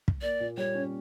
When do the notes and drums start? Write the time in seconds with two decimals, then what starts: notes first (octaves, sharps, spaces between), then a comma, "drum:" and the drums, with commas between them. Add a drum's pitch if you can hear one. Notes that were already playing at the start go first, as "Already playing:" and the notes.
0.08 drum: kick
0.22 A#3 D5
0.40 A#2
0.57 G3 C#5
0.75 C#4